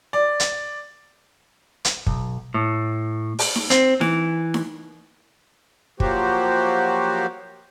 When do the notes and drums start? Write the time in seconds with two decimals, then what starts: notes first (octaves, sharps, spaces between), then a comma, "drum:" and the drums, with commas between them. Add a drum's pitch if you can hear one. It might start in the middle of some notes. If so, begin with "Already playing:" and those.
0.13 D5
0.40 drum: hi-hat
1.85 drum: hi-hat
2.06 B1, drum: kick
2.54 A2
3.39 drum: open hi-hat
3.56 drum: snare D#4
3.70 C4, drum: hi-hat
4.01 E3, drum: snare D#4
4.54 drum: snare D#4
6.00 F3 F#3 A#3 F#4 G4 C5, drum: kick